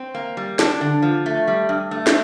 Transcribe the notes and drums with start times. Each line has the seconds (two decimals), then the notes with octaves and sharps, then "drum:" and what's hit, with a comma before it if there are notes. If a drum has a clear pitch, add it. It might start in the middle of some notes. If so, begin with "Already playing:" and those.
Already playing: C4
0.15 A#3
0.37 G3
0.59 D4, drum: snare
0.81 D3
1.02 F3
1.26 A3
1.47 G3
1.69 G2
1.91 A3
2.07 drum: snare